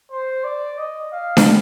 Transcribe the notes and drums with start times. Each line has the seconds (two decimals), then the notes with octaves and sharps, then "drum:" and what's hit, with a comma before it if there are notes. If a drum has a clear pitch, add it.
0.11 C5
0.44 D5
0.78 D#5
1.12 F5
1.37 drum: snare D4